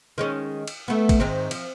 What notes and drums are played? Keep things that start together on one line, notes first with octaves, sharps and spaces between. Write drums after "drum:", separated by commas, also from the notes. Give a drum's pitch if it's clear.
D#3 G#3 C#4
drum: cymbal
A3 B3
drum: kick A1, cymbal
G#2 D#3 C4
F3, drum: cymbal